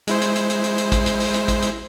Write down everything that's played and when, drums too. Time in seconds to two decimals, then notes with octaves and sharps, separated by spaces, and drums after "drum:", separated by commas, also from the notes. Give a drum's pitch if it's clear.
0.07 G#3 E4 C5, drum: hi-hat
0.21 drum: hi-hat
0.36 drum: hi-hat
0.50 drum: hi-hat
0.64 drum: hi-hat
0.78 drum: hi-hat
0.92 drum: kick A1, hi-hat
1.06 drum: hi-hat
1.20 drum: open hi-hat
1.34 drum: hi-hat
1.48 drum: kick A1, hi-hat
1.62 drum: hi-hat